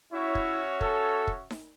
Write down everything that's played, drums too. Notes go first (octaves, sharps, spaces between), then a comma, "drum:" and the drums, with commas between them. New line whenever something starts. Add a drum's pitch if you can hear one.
C#4 E4 F#4 C#5 E5
drum: kick
A4, drum: kick
drum: kick
drum: snare D#4